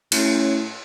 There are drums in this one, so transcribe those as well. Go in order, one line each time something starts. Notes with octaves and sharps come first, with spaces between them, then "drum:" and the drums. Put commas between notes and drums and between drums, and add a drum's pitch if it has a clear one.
A2 C#4, drum: cymbal